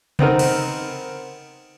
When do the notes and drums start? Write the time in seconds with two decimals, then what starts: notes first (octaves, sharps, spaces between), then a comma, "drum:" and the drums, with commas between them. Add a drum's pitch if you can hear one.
0.19 B3 C4 D#4 A#4, drum: tom C3
0.39 drum: cymbal